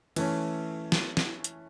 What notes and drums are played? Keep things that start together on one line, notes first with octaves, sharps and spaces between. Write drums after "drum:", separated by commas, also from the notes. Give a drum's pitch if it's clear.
E3 A3 C#4, drum: cymbal
drum: snare
drum: snare
drum: hi-hat